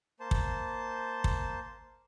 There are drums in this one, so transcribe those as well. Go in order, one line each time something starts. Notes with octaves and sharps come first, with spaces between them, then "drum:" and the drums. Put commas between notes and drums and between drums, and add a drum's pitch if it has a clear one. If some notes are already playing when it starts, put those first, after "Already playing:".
A#3 C5 A5
drum: kick
drum: kick